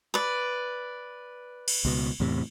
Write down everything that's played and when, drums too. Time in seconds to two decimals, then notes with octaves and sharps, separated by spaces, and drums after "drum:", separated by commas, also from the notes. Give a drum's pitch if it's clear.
0.14 B4 D5
1.68 drum: cymbal
1.85 C#2 B2
2.20 E2 A2 C3